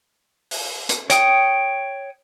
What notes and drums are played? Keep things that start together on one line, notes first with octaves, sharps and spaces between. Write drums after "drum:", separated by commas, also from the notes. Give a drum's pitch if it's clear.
drum: open hi-hat
drum: hi-hat
C#5 G5 D#6, drum: hi-hat